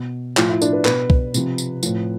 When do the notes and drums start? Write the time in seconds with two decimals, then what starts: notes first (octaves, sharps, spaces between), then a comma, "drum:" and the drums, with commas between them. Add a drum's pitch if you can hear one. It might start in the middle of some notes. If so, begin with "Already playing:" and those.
Already playing: B2
0.37 A2 F3 F4, drum: clap
0.49 E4
0.62 D4, drum: tambourine
0.73 B4
0.85 B2 B4, drum: clap
1.10 drum: kick
1.34 C3 F3, drum: tambourine
1.58 drum: tambourine
1.83 A2 F3, drum: tambourine